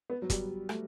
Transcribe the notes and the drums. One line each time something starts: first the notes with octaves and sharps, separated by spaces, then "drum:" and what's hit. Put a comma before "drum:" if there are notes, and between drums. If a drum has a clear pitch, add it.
B3
F#3
G3, drum: kick, hi-hat
A3, drum: rim click